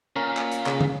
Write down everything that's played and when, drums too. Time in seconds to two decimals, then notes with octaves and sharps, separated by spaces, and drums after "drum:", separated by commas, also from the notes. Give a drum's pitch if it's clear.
0.16 A#2 C#4 A#4
0.37 drum: clap
0.52 drum: hi-hat
0.66 C#3, drum: clap
0.81 drum: tom